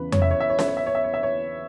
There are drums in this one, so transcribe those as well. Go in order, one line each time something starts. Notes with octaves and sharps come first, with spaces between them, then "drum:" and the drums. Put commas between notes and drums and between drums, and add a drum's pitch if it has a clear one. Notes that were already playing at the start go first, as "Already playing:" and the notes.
Already playing: E2 C#3 E3 B4
C#5, drum: tom F2
E5
C#5
E5
C#5
E5, drum: snare C#4
C#5
E5
C#5
E5
C#5
E5
C#5